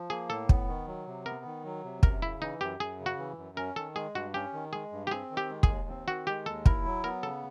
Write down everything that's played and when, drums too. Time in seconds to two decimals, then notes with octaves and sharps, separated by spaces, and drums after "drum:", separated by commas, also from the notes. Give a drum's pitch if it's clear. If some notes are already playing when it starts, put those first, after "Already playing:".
Already playing: F3
0.10 A#3 G#4
0.29 A2 A4
0.49 B3, drum: kick
0.68 D#3
0.87 F#3
1.06 C3
1.26 B3 A#4
1.45 D#3
1.64 F#3
1.84 C3
2.03 F#2 A#4, drum: kick
2.22 C#3 E4
2.41 E3 D#4
2.60 F#2 G4
2.80 F#2 G#4
3.00 C#3
3.06 F#4
3.19 E3
3.38 F#2
3.57 C#4 A#4
3.76 D#3 A4
3.96 G#3 G#4
4.15 G2 F#4
4.34 C#4 G4
4.53 D#3
4.73 G#3 G#4
4.92 G2
5.07 G4
5.11 C4 G#4
5.31 D#3
5.37 G4
5.49 G#3
5.63 G#4, drum: kick
5.69 D#2
5.89 C4
6.08 D#3 F#4
6.27 G#3 G4
6.46 D#2 A4
6.66 E4 A#4, drum: kick
6.85 F#3
7.04 B3 A#4
7.23 C#3 A4